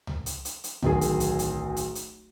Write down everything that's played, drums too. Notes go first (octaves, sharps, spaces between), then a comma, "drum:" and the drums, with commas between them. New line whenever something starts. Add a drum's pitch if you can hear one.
drum: tom C#2
drum: hi-hat
drum: hi-hat
drum: hi-hat
D1 B1 D#3 G#4, drum: tom C#2
drum: hi-hat
drum: hi-hat
drum: hi-hat
drum: hi-hat
drum: hi-hat